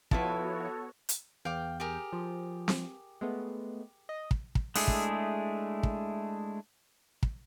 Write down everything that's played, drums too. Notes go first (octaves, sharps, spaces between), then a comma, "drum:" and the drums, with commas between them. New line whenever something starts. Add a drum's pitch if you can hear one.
F3 B3 E4 F#4 A4 B4 C#5, drum: kick
drum: hi-hat
E2 F5 G5 D6
G4 G#4 A#4
F3
drum: snare C4
G#3 A3 B3
D#5
drum: kick
drum: kick
G#3 A3 D4 E4 G#4, drum: open hi-hat
drum: kick
drum: kick
drum: kick